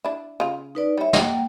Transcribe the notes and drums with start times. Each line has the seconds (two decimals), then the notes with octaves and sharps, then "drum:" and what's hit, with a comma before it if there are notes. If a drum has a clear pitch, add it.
0.05 D4 E4
0.40 C#3 F4
0.75 D#4 B4 D5
0.98 G3 E4 C#5 E5
1.13 A#3 D#5 F#5 G5, drum: snare